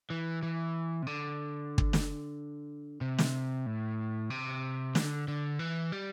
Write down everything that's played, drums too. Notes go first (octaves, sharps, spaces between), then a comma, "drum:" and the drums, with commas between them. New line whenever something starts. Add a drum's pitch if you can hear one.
E3
E3
C3
D3
drum: kick
drum: snare
C3
drum: snare
A2
C3
D3, drum: snare
D3
E3
G3